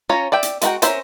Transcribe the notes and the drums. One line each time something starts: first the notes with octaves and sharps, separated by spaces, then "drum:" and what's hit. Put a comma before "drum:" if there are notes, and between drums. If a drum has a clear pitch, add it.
C#4 F4 C#5 A#5
D5 E5 G5
drum: hi-hat
G#3 F4 F#4 A#4 G5, drum: hi-hat
C#4 E4 A#4 C5 E5, drum: hi-hat